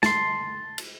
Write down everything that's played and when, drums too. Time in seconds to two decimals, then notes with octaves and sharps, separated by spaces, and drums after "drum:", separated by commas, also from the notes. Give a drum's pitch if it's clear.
0.03 A5 C6, drum: snare
0.78 drum: cymbal